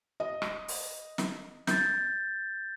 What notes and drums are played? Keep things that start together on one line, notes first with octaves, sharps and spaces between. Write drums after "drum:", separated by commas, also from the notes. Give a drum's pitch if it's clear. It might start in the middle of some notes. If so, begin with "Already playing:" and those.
D#5
drum: rim click
drum: open hi-hat
drum: snare
G6 A6, drum: snare